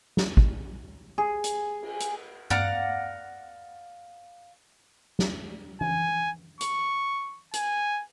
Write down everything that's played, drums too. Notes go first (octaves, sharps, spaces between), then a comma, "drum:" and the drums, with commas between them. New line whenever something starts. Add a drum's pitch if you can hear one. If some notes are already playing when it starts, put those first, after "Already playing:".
drum: snare
drum: kick
G#4
drum: hi-hat
drum: cymbal
drum: hi-hat
D5 F5 F#5 A#5, drum: tom G2
drum: snare
G#5, drum: tom E3
C#6, drum: hi-hat
G#5, drum: hi-hat